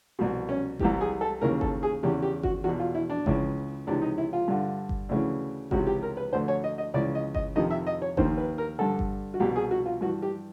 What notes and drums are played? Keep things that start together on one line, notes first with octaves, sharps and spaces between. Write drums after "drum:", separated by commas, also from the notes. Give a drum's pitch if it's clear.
C2 B2
C#4
C2 C3 E3 G4, drum: kick G1
G#4
A4
D#2 C#3 E3 A#4
A4, drum: kick G1
G#4
E2 C#3 E3 G4
G4
F#4, drum: kick G1
E2 B2 F#4
F4
E4
D4
C#2 C#3 E3, drum: kick G1
C#2 C3 E3 D4
D#4
E4
F4
G2 D3
drum: kick G1
D2 C#3 E3
C#2 C3 E3 F#4, drum: kick G1
G4
A#4
B4
D2 D3 C5
C#5
D#5
D#5
C#2 C#3 E3 D5
D#5
D#5, drum: kick G1
F2 C3 D#3 D#5
E5
D#5
C#5
D#2 D#3 C5, drum: kick G1
B4
A#4
G2 D3 A4
drum: kick G1
F#4
C2 B2 G4
G#4
F#4
F4
G2 E3 F#4
G4